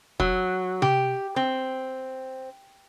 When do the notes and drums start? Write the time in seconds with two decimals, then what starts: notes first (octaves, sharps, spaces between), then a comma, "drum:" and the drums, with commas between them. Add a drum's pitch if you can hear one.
0.20 F#3, drum: kick
0.82 G4, drum: tom C3
1.36 C4